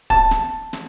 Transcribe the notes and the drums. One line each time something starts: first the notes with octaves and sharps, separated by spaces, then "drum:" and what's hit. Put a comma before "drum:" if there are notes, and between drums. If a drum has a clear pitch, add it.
A5, drum: kick D1
drum: snare
drum: snare